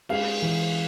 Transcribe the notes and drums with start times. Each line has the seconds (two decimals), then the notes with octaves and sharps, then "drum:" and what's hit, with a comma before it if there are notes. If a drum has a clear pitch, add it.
0.09 G#3 F5, drum: cymbal
0.42 E3